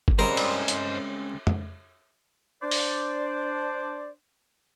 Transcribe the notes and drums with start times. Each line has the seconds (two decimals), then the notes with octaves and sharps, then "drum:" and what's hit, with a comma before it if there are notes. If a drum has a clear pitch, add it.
0.08 drum: kick G1
0.19 C#3 G3 C4 A#4 C5 D#5
0.37 G#3, drum: cymbal
0.68 drum: hi-hat
1.47 drum: tom
2.62 D4 C5 D5
2.71 drum: open hi-hat